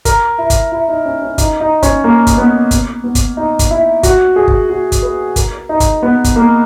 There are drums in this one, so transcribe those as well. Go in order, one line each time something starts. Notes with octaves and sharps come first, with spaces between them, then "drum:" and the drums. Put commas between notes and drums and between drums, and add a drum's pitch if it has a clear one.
A#4, drum: kick, hi-hat
E4
drum: kick, hi-hat
E4
D#4
C#4
C#4
D#4, drum: kick, hi-hat
D#4
C#4, drum: kick, hi-hat
A#3
drum: kick, hi-hat
B3
drum: kick, hi-hat
B3
drum: kick, hi-hat
D#4
drum: kick, hi-hat
E4
F#4, drum: kick, hi-hat
G#4
drum: kick
F#4
drum: kick, hi-hat
B4
A#4, drum: kick, hi-hat
D#4
drum: kick, hi-hat
B3
drum: kick, hi-hat
A#3